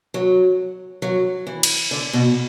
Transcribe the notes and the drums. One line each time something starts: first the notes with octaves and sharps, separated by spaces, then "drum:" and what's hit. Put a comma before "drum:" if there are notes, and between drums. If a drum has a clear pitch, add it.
F#3
F#3
E3
drum: cymbal
D3
B2